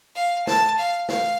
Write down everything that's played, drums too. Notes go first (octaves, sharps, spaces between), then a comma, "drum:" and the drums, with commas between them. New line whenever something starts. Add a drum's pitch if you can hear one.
F5
A5, drum: snare
F5
F5, drum: snare